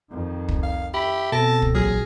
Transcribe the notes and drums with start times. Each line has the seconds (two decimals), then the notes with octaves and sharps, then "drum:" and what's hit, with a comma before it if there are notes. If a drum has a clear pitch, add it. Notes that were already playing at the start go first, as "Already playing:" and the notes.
0.11 F2 D#3
0.48 drum: kick
0.63 F5
0.94 G4 E5 B5
1.32 B2 C4 A4 A5 A#6
1.62 drum: kick
1.75 A1 A#2 F#3 G#4 D#6 F6 A#6